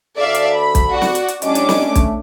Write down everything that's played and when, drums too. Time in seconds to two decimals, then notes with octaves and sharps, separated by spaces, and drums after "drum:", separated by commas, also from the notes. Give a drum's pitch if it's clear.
0.17 D2 A4 D5 E5 F5
0.35 drum: hi-hat
0.56 B5
0.75 drum: kick, hi-hat
0.91 F#4 D5
1.02 drum: snare
1.15 drum: hi-hat
1.28 drum: hi-hat
1.42 A2 G3 C#4 D4 D#5 D6, drum: hi-hat
1.55 drum: hi-hat
1.69 drum: snare
1.86 A3
1.95 drum: kick, hi-hat